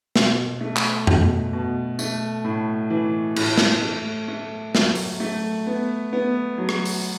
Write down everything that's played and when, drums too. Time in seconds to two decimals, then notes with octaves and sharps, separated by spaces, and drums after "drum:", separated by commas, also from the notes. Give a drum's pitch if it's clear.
0.16 B2, drum: snare
0.61 A3
0.76 drum: clap
1.07 B2, drum: tom F2
1.53 B2
1.99 A3, drum: tambourine
2.44 A2
2.90 E3
3.36 A2, drum: cymbal
3.57 drum: snare
3.82 A3
4.28 A3
4.75 F#3, drum: snare
4.95 drum: open hi-hat
5.20 A3
5.67 B3
6.13 B3
6.58 F#3
6.69 drum: rim click
6.85 drum: open hi-hat